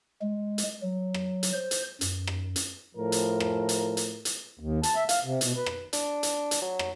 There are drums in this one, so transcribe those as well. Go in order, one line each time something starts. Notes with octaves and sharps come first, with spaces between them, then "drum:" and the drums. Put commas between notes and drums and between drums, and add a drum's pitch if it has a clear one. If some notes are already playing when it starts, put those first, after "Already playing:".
G#3
drum: hi-hat
F#3
drum: rim click
drum: hi-hat
C5
drum: hi-hat
F#2, drum: hi-hat
drum: rim click
drum: hi-hat
A2 F3 A#4
drum: hi-hat
drum: rim click
drum: hi-hat
drum: hi-hat
drum: hi-hat
D#2
A5, drum: hi-hat
E5
F5, drum: hi-hat
C3
B2, drum: hi-hat
B4
drum: rim click
D4, drum: hi-hat
drum: hi-hat
drum: hi-hat
F#3
drum: rim click